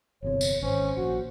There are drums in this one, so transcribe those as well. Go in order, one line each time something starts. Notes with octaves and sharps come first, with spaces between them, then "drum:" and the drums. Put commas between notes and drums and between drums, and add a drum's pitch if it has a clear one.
G1 E2 C3 C#5
drum: tambourine
G#1 C#4 C5
A#1 F#4